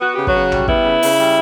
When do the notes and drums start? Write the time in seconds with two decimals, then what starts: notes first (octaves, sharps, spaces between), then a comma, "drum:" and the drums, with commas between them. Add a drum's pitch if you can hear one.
0.01 B3 F#4
0.14 C#3 G4
0.27 F#3 F#4, drum: kick
0.35 C#3
0.52 G3, drum: tom A#1
0.68 B3 E4, drum: kick
0.85 C#3
1.03 C#3, drum: open hi-hat
1.19 G3